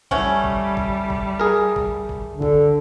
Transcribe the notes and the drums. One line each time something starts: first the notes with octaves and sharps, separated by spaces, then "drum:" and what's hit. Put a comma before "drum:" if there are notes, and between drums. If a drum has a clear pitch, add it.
G3 A3 C#4 F#5, drum: kick G#1
drum: kick G#1
drum: kick G#1
drum: kick G#1
G#4 A#4
drum: kick G#1
drum: kick G#1
D3
drum: kick G#1